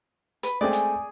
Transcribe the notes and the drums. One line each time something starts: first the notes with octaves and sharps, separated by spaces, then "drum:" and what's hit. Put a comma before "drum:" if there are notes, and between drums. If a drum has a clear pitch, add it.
B4, drum: hi-hat
G#3 A3 C4 G#4 D5 G#5
drum: hi-hat